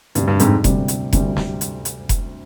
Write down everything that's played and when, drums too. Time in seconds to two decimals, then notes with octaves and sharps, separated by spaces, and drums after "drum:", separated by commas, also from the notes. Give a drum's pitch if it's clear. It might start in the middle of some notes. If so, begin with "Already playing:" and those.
0.15 D2 G2 C3 G3, drum: hi-hat
0.27 G2
0.39 F2 G#2, drum: hi-hat
0.64 D2 C3 G3, drum: kick F1, hi-hat
0.88 drum: hi-hat
1.13 D2 C3 G3, drum: kick F1, hi-hat
1.37 drum: snare
1.61 drum: hi-hat
1.85 drum: hi-hat
2.09 drum: kick F1, hi-hat